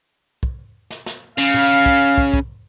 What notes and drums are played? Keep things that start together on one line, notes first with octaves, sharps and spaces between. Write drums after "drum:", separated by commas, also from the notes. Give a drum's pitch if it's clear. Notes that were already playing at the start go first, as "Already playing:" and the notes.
drum: kick
drum: snare
drum: snare
C#3 F5
drum: tom
drum: kick
drum: kick
drum: kick